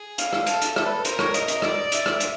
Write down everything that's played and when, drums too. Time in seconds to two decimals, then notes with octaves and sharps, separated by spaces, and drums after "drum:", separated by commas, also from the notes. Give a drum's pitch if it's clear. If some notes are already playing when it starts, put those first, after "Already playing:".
Already playing: G#4
0.18 F5, drum: hi-hat
0.33 drum: rim click
0.47 A4, drum: hi-hat
0.62 drum: hi-hat
0.76 A4 E5, drum: rim click
0.85 B4
1.05 A#4 C5, drum: hi-hat
1.19 C#5, drum: rim click
1.34 D#5, drum: hi-hat
1.48 drum: hi-hat
1.62 D5, drum: rim click
1.92 E5, drum: hi-hat
2.06 drum: rim click
2.20 drum: hi-hat